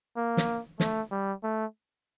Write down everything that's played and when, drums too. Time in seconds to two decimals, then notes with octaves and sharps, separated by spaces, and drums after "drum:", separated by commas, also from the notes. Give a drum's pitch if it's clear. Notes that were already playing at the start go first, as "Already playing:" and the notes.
0.16 A#3
0.37 drum: snare
0.80 A3, drum: snare
1.11 G3
1.43 A3